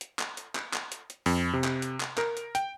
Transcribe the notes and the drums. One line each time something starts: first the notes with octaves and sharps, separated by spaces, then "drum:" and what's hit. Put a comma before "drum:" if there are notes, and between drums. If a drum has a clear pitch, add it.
drum: hi-hat
drum: clap
drum: hi-hat
drum: clap
drum: clap
drum: hi-hat
drum: hi-hat
F2, drum: open hi-hat
C3
drum: clap
drum: hi-hat
drum: clap
A#4, drum: clap
drum: hi-hat
G5, drum: hi-hat